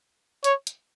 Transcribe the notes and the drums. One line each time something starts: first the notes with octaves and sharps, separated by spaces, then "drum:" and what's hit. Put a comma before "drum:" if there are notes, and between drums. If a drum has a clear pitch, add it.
C#5, drum: hi-hat
drum: hi-hat